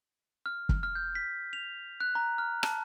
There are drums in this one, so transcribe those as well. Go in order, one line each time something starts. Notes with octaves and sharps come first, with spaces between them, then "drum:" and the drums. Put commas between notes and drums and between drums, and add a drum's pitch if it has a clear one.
F6
drum: kick
F6
G6
B6
F7
F#6
A#5
F6
A5, drum: rim click